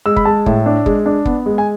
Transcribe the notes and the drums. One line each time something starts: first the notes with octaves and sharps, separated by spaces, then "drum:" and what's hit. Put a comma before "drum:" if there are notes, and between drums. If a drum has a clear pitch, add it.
G#3 E6
B5, drum: kick
G#3 A5
A2, drum: kick
D4
G#3, drum: kick
D4
B3, drum: kick
G#3
G#5